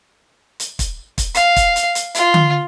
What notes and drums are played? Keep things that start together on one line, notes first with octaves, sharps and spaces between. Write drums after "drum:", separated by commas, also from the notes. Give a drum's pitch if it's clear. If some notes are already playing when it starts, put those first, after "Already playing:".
drum: hi-hat
drum: kick, hi-hat
drum: kick, hi-hat
F5, drum: hi-hat
drum: kick, hi-hat
drum: hi-hat
drum: hi-hat
F4, drum: hi-hat
drum: tom D3